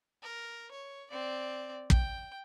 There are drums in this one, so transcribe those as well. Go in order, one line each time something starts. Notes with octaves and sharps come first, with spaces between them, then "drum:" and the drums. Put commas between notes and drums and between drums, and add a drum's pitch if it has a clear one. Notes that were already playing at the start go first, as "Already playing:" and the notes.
A#4
C#5
C4 D5
G5, drum: kick